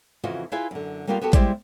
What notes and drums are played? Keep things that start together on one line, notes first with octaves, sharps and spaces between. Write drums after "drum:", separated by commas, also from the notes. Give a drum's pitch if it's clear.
F2 C#3 E3 F4 F#4 D#5
E4 F4 G#4 B4 E5 G#5
F#2 D3
G3 A#3 B3 F4 G4
B3 F#4 G4 A4
G3 G#3 E4 G4 C5 D5, drum: kick A1, hi-hat